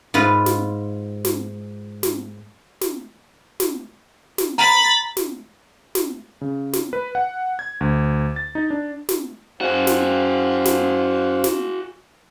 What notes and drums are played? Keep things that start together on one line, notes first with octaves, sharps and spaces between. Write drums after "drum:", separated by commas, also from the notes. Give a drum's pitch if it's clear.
G#2 F4 B4
drum: snare
drum: snare
drum: snare
drum: snare
drum: snare
drum: snare
A#5 B5 A6
drum: snare
drum: snare
C#3
drum: snare
B4
F#5
G#6
D2
A6
D#4
D4
drum: snare
F#2 F#4 G#4 C5 F5
drum: snare
drum: snare
drum: snare